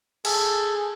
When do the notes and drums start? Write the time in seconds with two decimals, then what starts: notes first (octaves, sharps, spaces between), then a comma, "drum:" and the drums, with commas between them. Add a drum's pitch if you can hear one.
0.25 G#4 A4, drum: cymbal